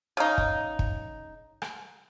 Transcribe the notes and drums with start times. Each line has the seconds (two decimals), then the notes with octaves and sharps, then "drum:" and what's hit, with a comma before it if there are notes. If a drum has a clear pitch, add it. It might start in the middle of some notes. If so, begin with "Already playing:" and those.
0.17 C#3 D#4
0.38 drum: kick
0.79 drum: kick
1.62 drum: rim click